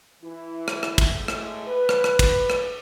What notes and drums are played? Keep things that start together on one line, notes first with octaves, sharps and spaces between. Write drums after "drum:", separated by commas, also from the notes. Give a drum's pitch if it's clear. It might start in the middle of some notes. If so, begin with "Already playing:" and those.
E3 E4
drum: rim click
drum: rim click
drum: kick, cymbal
A2 G#3 A3
drum: rim click
B4
drum: rim click
drum: rim click
drum: kick, cymbal
drum: rim click